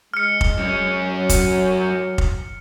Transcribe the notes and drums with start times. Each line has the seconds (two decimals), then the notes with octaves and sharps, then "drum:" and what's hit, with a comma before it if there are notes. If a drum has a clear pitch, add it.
0.14 G#3 F6 C#7
0.41 drum: kick F1
0.57 F#2 C#4
1.07 F#3
1.29 drum: kick F1, hi-hat
2.18 drum: kick F1